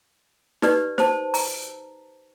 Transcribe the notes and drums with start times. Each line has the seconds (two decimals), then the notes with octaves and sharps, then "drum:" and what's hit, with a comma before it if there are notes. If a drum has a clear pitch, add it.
0.62 D#4 G4 B4 D5, drum: snare
0.98 C5 A5, drum: snare
1.34 A#5, drum: open hi-hat